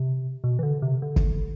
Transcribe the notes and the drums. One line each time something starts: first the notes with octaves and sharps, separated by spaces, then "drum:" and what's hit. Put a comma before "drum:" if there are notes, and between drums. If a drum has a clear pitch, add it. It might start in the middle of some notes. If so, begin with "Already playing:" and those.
Already playing: C3
B2
E3
D3
C3
D3
drum: kick